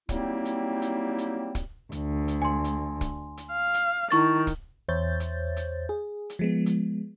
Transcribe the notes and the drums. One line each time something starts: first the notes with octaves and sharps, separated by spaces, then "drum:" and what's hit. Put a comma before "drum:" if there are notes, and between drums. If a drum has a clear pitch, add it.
F#3 G3 A#3 C4 D#4 E4, drum: kick, hi-hat
drum: hi-hat
drum: hi-hat
drum: hi-hat
drum: kick, hi-hat
D2, drum: hi-hat
drum: hi-hat
G#5 C6
drum: hi-hat
drum: kick, hi-hat
drum: hi-hat
F5
drum: hi-hat
D#3 E4 C#6 A6, drum: hi-hat
drum: kick, hi-hat
E2 C5 C#5 E5 G6 A6
drum: hi-hat
drum: hi-hat
G#4
drum: hi-hat
F3 G#3 B3
drum: hi-hat